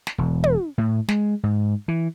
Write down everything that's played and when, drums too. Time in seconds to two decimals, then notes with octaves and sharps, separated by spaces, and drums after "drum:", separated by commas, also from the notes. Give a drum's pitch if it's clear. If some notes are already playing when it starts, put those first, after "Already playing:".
0.07 drum: snare
0.18 E1
0.44 drum: tom
0.78 A2
1.08 G#3, drum: snare
1.43 G#2
1.88 E3